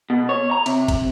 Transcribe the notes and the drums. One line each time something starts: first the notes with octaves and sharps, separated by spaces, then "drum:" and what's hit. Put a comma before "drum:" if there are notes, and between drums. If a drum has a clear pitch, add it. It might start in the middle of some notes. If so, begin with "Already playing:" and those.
B2
C#5
A#5
C3, drum: cymbal
drum: kick G#1, cymbal